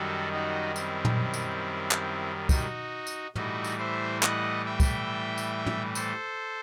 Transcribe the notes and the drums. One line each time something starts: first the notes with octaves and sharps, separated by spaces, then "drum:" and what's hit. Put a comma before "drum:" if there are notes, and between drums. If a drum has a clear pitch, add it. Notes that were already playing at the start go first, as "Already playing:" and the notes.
Already playing: F#2 D#3 G3 F#4 A4
D#4 F#4
C4 E4, drum: tambourine
drum: tom
drum: tambourine
drum: clap
D#4 F#4, drum: kick, tambourine
drum: tambourine
A2 E3 G3 D#4 F#4, drum: tom
drum: tambourine
C5 E5
D#5 F#5, drum: clap
E5 G5
drum: kick, tambourine
drum: tambourine
drum: tom
A4 C5, drum: tambourine